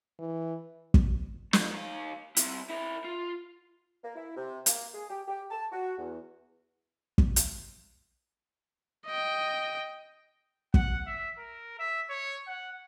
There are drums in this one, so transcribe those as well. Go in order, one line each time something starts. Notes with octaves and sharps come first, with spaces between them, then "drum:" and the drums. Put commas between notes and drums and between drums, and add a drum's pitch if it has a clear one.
E3
drum: kick
F2, drum: snare
D#3 F5
C4 E4, drum: hi-hat
E4 A#4
F4
A#3
E4
C3
A#3, drum: hi-hat
G#4
G4
G4
A5
F#4
E2
drum: kick
drum: hi-hat
D#5 G5
F#5, drum: kick
E5
A#4
E5
C#5
F#5